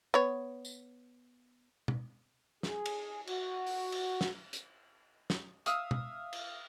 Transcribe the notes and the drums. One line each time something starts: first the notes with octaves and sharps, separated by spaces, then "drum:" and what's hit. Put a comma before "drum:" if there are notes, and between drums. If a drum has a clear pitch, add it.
B3 C#5
drum: tambourine
drum: tom
G#4, drum: snare
drum: cymbal
F#4, drum: cymbal
drum: open hi-hat
drum: cymbal
drum: snare
drum: hi-hat
drum: snare
E5 F5 D#6 E6, drum: hi-hat
drum: tom
drum: cymbal